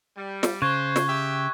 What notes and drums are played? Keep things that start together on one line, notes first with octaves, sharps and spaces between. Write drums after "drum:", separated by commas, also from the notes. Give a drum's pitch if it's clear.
G3
drum: snare
C#3 C5 C#6 F#6 G#6
drum: snare
G4 E5 G5